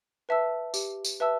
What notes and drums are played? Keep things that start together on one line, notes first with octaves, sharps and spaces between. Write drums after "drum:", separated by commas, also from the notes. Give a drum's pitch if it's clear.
B4 E5 A5 E6
G4, drum: tambourine
drum: tambourine
B4 E5 A5 E6